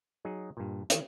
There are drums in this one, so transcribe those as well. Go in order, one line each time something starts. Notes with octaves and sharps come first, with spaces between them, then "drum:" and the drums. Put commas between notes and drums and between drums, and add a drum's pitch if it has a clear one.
F#3 D#4 G#4
G2 A#2
D#3 E3, drum: hi-hat